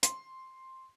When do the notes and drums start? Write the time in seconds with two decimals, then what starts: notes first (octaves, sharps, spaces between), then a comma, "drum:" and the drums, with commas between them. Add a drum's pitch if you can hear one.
0.03 C6, drum: hi-hat